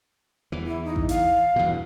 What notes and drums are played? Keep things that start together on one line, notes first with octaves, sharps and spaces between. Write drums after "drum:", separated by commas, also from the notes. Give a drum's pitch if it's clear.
E2 E3
E4
D#4
drum: kick A1
F5, drum: hi-hat
E2 G2 B2